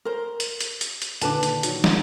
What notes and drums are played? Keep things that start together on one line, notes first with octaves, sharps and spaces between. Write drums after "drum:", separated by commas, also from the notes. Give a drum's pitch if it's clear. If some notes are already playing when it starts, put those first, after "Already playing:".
A#4 C5
drum: hi-hat
drum: hi-hat
drum: hi-hat
drum: hi-hat
A#2 D3 D#3 D4 B4 A5, drum: hi-hat
drum: hi-hat
D#3 F#3, drum: hi-hat
drum: snare